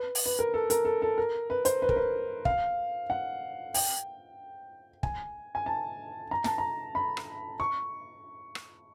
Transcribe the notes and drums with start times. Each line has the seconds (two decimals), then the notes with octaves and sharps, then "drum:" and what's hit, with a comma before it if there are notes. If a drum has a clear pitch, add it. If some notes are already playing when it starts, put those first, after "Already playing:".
Already playing: B4
0.15 drum: open hi-hat
0.26 B4
0.39 A#4
0.54 A4
0.70 A#4, drum: hi-hat
0.85 A4
1.02 A4
1.18 A#4
1.50 B4
1.65 C5, drum: hi-hat
1.82 B4
1.89 A#4, drum: kick
1.96 B4
2.45 F5, drum: kick
3.10 F#5
3.74 G5, drum: open hi-hat
5.03 G#5, drum: kick
5.55 G#5
5.66 A5
6.31 A#5
6.44 A5, drum: snare
6.58 A#5
6.95 B5
7.17 drum: rim click
7.60 C#6
8.55 drum: rim click